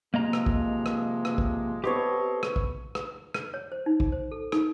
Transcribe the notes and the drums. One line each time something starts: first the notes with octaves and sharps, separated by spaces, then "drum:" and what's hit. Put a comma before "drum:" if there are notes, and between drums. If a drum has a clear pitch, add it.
C3 F3 G#3 A#3 D#5 A#5
drum: rim click
drum: kick
drum: rim click
drum: rim click
drum: kick
B3 C4 G4 A4 C5 C#5 D#5
drum: rim click
drum: kick
drum: rim click
drum: rim click
C#5
C5
D#4
drum: kick
C5
A4
D#4, drum: rim click